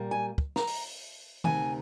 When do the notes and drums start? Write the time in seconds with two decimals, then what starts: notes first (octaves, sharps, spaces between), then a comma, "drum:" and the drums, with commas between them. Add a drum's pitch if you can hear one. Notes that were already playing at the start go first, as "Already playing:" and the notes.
Already playing: A#2 G3 A#3
0.11 G#5
0.38 drum: kick
0.56 A#5, drum: snare
0.67 drum: open hi-hat
1.44 D2 C3 D#3 G#5, drum: tom D#3